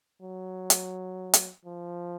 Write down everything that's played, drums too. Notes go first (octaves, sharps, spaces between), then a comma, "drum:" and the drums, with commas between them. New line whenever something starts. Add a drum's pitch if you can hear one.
F#3
drum: hi-hat
drum: hi-hat
F3